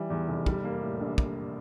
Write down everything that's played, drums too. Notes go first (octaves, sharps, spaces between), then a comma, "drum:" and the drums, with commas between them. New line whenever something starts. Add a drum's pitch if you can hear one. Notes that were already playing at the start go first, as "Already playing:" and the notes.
Already playing: E3 G3
E2
F1
G3, drum: kick
A#3
A2
A#1
drum: kick